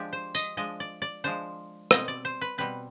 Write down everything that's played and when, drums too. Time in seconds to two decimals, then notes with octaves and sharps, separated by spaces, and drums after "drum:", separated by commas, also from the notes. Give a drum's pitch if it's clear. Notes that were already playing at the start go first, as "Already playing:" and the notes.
Already playing: F3 G#3 D4 G4
0.13 C5
0.35 D#5, drum: tambourine
0.57 F3 G#3 D4 D#5
0.80 D5
1.02 D5
1.24 F3 G#3 D4 C5
1.91 B2 G3 C4 D#5, drum: rim click
2.08 D5
2.25 C5
2.41 B4
2.58 B2 G3 C4 B4